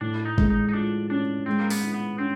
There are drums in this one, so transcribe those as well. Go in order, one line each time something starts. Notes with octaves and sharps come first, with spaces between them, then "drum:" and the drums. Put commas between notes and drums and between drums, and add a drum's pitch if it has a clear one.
A2 D4
D#4
G#3, drum: kick
D#4
D#4
F3 D4
C#4 D4
G#3 C4
A#3
B3, drum: open hi-hat
E4
B3
C4 C#4